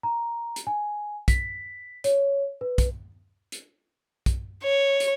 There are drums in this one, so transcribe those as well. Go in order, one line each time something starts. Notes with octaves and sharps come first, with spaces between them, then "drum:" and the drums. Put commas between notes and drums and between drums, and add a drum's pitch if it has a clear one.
A#5
drum: hi-hat
G#5
B6, drum: kick, hi-hat
C#5, drum: hi-hat
B4
drum: kick, hi-hat
drum: hi-hat
drum: kick, hi-hat
C#5
drum: hi-hat